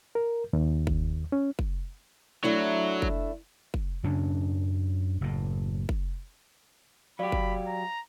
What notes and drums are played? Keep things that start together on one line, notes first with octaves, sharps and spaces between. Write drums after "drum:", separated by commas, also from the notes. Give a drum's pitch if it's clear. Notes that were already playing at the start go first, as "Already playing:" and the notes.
A#4
D#2
drum: kick
C#4
drum: kick
F#3 A3 D4 E4
drum: kick
drum: kick
F#2 C#3 C#4 D4
F#1 A2
drum: kick
F#3 G4 D5 F5 B5
drum: kick
A#5